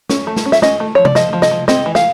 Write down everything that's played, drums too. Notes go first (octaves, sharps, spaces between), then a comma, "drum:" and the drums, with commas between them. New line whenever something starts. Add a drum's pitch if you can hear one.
C#4, drum: snare
A3
drum: snare
C#4
E5, drum: snare
C#4 D#5, drum: snare
A3
F3 C#5
D5, drum: tom C3
F3 D#5, drum: snare
F3
D#5, drum: snare
F3
C4 D#5, drum: snare
E3
F5, drum: snare